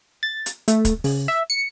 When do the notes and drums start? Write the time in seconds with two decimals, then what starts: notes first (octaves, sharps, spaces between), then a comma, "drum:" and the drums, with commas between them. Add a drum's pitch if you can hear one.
0.23 A6
0.46 drum: hi-hat
0.68 A3, drum: hi-hat
0.85 drum: kick, hi-hat
1.04 C#3, drum: open hi-hat
1.28 E5
1.50 C#7